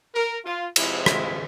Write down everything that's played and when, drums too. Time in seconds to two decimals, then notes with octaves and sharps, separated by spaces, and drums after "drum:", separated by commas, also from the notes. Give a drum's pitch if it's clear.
0.15 A#4
0.45 F4
0.76 C3 F3 G#3 E4, drum: cymbal
1.06 E4, drum: rim click